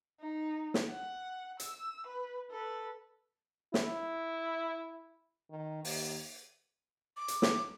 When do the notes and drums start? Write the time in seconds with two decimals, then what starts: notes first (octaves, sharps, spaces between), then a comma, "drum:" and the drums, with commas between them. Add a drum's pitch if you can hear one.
0.20 D#4
0.74 drum: snare
0.90 F#5
1.60 E6, drum: hi-hat
2.07 B4
2.50 A4 B4
3.74 E4, drum: snare
5.50 D#3
5.85 D#2, drum: open hi-hat
7.17 D6
7.28 drum: hi-hat
7.42 drum: snare